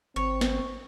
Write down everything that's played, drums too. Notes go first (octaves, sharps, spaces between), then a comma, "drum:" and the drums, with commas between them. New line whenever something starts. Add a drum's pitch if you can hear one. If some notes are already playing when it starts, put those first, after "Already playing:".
G#1 C4 C#5
drum: snare